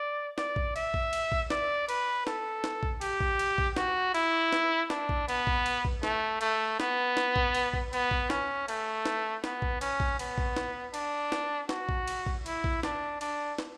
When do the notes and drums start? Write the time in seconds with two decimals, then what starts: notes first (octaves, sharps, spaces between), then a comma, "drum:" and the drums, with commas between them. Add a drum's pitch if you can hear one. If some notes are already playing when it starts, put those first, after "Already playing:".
Already playing: D5
0.38 D5, drum: snare
0.56 drum: kick A#1
0.76 E5, drum: cymbal
0.94 drum: kick A#1
1.13 drum: cymbal
1.32 drum: kick A#1
1.50 D5, drum: snare
1.89 B4, drum: cymbal
2.27 A4, drum: snare
2.64 drum: snare
2.83 drum: kick A#1
3.01 G4, drum: cymbal
3.20 drum: kick A#1
3.39 drum: cymbal
3.58 drum: kick A#1
3.77 F#4, drum: snare
4.15 E4, drum: cymbal
4.53 drum: snare
4.90 D4, drum: snare
5.09 drum: kick A#1
5.28 B3, drum: cymbal
5.47 drum: kick A#1
5.66 drum: cymbal
5.85 drum: kick A#1
6.03 A3, drum: snare
6.41 A3, drum: cymbal
6.80 B3, drum: snare
7.17 drum: snare
7.36 drum: kick A#1
7.55 drum: cymbal
7.73 drum: kick A#1
7.93 B3, drum: cymbal
8.11 drum: kick A#1
8.30 C#4, drum: snare
8.68 A3, drum: cymbal
9.06 drum: snare
9.44 B3, drum: snare
9.62 drum: kick A#1
9.81 C#4, drum: cymbal
10.00 drum: kick A#1
10.19 B3, drum: cymbal
10.38 drum: kick A#1
10.57 drum: snare
10.94 D4, drum: cymbal
11.32 drum: snare
11.69 F#4, drum: snare
11.89 drum: kick A#1
12.08 drum: cymbal
12.26 drum: kick A#1
12.46 E4, drum: cymbal
12.64 drum: kick A#1
12.83 D4, drum: snare
13.21 D4, drum: cymbal
13.59 drum: snare